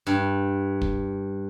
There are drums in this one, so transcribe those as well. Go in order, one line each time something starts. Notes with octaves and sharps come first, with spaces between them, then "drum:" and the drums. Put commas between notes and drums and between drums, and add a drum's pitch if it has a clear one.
G2
drum: kick